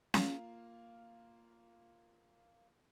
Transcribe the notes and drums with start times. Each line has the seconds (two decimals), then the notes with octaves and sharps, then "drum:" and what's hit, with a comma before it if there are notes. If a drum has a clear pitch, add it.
0.14 A#3 F4, drum: snare C#4